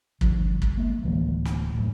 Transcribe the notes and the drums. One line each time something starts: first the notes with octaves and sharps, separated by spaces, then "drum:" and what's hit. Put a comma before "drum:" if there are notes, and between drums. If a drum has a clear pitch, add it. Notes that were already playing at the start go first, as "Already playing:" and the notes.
G1 G2 F3, drum: kick
drum: kick
G#3 A#3
D1 E3 F#3 A#3
drum: snare
F#2 A2